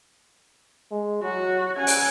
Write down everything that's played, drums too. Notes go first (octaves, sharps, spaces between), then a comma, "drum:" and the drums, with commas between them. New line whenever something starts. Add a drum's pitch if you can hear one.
G#3
F#3 F#4
C#4 F#5 G#5
drum: open hi-hat